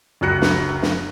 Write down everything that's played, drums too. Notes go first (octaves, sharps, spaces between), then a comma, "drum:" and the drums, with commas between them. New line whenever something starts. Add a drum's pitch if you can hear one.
C#2 F#2 F#3 F#6 A#6 C#7
drum: snare
drum: snare